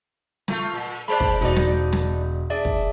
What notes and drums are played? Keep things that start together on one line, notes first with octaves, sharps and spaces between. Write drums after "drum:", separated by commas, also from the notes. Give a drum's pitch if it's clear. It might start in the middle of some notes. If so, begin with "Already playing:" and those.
A3 F4, drum: snare
A#2
G#3 C5 D5 B5 F#6
drum: kick
E1 D#4 D5
drum: snare
drum: snare
D4 G#4 D5 E5
drum: kick